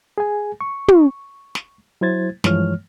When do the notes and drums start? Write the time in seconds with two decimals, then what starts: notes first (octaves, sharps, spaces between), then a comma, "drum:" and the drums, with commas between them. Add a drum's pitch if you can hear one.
0.18 G#4 G#5
0.61 C#6
0.88 drum: tom
1.55 drum: snare
2.01 F#3 E4 C5 G#6 A6
2.44 G2 E3 F3 G#3 C#5 F6, drum: snare